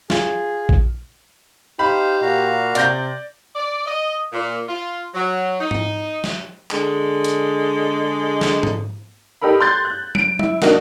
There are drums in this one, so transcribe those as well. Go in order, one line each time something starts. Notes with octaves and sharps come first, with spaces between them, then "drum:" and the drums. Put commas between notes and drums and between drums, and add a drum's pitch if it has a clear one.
F4 G#4, drum: snare
drum: kick A#1
D#4 G4 C5 F5 B5
A#2 F#4 F5 A#5
C3 D5 G6 A#6, drum: hi-hat
D5
D#5
A#2
F4
F#3
D#4
drum: tom G#2
drum: snare
D3 G#3, drum: clap
drum: hi-hat
drum: snare
drum: tom G#2
D#4 G4 A4 A#4 B5
C6 F#6 G6 A6
F#6
D7, drum: tom F#3
E4, drum: tom F#3
A#3 D4 D#4 F#4 A#4, drum: snare